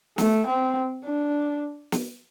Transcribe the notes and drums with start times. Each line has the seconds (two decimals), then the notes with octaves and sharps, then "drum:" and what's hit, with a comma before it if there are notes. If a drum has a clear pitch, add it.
0.18 A3, drum: snare
0.47 C4
1.05 D4
1.92 drum: snare